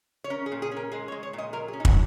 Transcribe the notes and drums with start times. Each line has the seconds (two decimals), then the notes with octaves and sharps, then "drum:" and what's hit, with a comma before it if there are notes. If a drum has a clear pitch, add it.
0.24 C#5
0.30 C#4 A#4
0.46 G#4
0.52 A#2
0.62 G#4
0.72 C#4
0.77 A#4
0.92 G#3 G#4
1.08 C#5
1.12 G#3
1.23 C#5
1.33 A#2
1.38 D#5
1.53 F#3 A#4
1.68 G#4
1.73 C#4
1.80 D#4
1.85 F#4, drum: kick